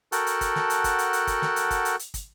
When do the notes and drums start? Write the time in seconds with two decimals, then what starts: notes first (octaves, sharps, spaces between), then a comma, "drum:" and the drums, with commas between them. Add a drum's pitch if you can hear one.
0.12 F#4 A4 A#4 F#5 G5 A5, drum: hi-hat
0.27 drum: hi-hat
0.41 drum: kick, hi-hat
0.55 drum: snare
0.70 drum: hi-hat
0.84 drum: kick, hi-hat
0.99 drum: hi-hat
1.13 drum: hi-hat
1.27 drum: kick, hi-hat
1.42 drum: snare
1.56 drum: hi-hat
1.71 drum: kick, hi-hat
1.85 drum: hi-hat
1.99 drum: hi-hat
2.14 drum: kick, hi-hat